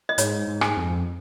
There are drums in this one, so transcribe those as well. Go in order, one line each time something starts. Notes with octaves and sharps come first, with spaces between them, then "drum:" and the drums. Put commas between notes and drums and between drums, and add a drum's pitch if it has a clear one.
D#5
G#2 C#5, drum: hi-hat
G#2
G#5, drum: rim click
F2